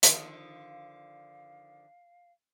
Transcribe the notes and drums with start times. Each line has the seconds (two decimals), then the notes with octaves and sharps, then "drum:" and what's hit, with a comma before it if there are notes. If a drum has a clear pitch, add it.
0.03 D3 D#3 F3 F5, drum: hi-hat